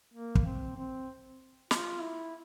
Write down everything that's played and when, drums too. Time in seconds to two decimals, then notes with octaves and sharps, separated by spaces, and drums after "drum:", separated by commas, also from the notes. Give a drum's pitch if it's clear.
0.14 A#3
0.35 drum: kick
0.45 C4
0.77 C4
1.71 F4, drum: snare
2.01 E4